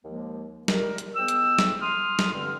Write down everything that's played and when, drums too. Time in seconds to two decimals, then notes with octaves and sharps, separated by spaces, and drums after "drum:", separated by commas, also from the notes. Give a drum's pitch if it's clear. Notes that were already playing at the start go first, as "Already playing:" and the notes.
0.05 D#2 F3 G#3 A#3
0.68 D#3 G3 G#3 G4 A#4, drum: snare
0.98 drum: hi-hat
1.15 G#2 B3 G5 E6
1.28 drum: hi-hat
1.59 drum: snare
1.82 C6 D#6 F6
2.19 drum: snare
2.33 G2 D3 C4 C6 F6